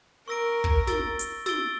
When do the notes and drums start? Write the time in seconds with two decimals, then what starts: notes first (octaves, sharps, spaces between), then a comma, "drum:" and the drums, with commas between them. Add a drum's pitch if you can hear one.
0.27 A#4 C#6 E6 A#6 D7
0.64 drum: kick
0.87 E6 A6 D7 G7, drum: snare
1.19 drum: hi-hat
1.46 E6 A6 D7 G7, drum: snare